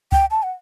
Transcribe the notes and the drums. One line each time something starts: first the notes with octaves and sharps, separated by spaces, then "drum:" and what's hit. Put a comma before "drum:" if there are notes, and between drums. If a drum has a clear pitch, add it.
G5, drum: kick
A5
F#5